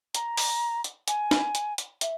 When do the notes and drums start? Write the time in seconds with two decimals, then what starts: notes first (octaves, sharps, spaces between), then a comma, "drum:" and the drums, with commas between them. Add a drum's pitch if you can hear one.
0.15 A#5, drum: hi-hat
0.37 drum: open hi-hat
0.84 drum: hi-hat
1.08 G#5, drum: hi-hat
1.31 drum: snare
1.55 drum: hi-hat
1.78 drum: hi-hat
2.01 E5, drum: hi-hat